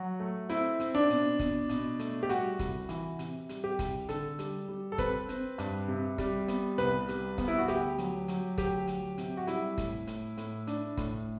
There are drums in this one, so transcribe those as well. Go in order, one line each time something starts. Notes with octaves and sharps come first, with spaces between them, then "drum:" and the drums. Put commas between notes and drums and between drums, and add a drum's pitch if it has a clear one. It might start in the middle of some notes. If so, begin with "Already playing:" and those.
Already playing: F#3 F#4
A3
C4 E4, drum: hi-hat
C4, drum: hi-hat
D4
B2, drum: hi-hat
B2, drum: kick F#1, hi-hat
B2, drum: hi-hat
A3, drum: hi-hat
G4
G3 F#4, drum: hi-hat
C2, drum: kick F#1, hi-hat
E3, drum: hi-hat
C3, drum: hi-hat
G3, drum: hi-hat
G4
C2, drum: kick F#1, hi-hat
D3 A4, drum: hi-hat
G3, drum: hi-hat
G3
A4
C4 B4, drum: kick F#1, hi-hat
C4, drum: hi-hat
G2, drum: hi-hat
C3
G3, drum: kick F#1, hi-hat
B3, drum: hi-hat
C2 B4, drum: hi-hat
G3, drum: hi-hat
B3, drum: kick F#1, hi-hat
E4
F#4
D2 G4, drum: hi-hat
F#3, drum: hi-hat
F#3, drum: hi-hat
D2 G4, drum: kick F#1, hi-hat
F#3, drum: hi-hat
C3, drum: hi-hat
F#4
G3 E4, drum: hi-hat
A2, drum: kick F#1, hi-hat
A2, drum: hi-hat
A2, drum: hi-hat
D4, drum: hi-hat
A2, drum: kick F#1, hi-hat